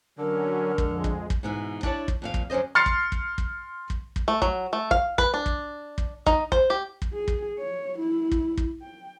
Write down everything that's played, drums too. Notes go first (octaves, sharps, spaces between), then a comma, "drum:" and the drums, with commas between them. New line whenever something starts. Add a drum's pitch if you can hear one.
D3 F#3 C#4 A#4
F2 G#3, drum: kick
drum: kick
drum: kick
G#2 B2 E3
D4 E4 C#5 A5, drum: kick
drum: kick
F2 A#2 F5
drum: kick
F#2 D3 C#4 C5 D#5
C6 F6 A6 C7 C#7
drum: kick
drum: kick
drum: kick
drum: kick
drum: kick
A3
F#3, drum: kick
A3
F5, drum: kick
B4, drum: kick
D4
drum: kick
drum: kick
D#4, drum: kick
C5, drum: kick
G4
drum: kick
G#4
drum: kick
C#5
E4
drum: kick
drum: kick
G5